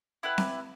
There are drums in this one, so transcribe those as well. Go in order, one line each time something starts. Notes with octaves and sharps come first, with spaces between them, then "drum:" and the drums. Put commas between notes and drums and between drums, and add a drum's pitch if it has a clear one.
E4 G4 B4 F#5
drum: snare C4